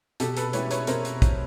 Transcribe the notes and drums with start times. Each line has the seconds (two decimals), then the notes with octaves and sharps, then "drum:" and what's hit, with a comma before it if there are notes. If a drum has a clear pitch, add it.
0.20 B2 G4 A4, drum: hi-hat
0.37 A4 B4, drum: hi-hat
0.53 G#3 C#4 E4 G4 B4 C#5, drum: hi-hat
0.71 B4 C#5, drum: hi-hat
0.87 B2 A#4 C5, drum: hi-hat
1.05 drum: hi-hat
1.22 drum: kick, hi-hat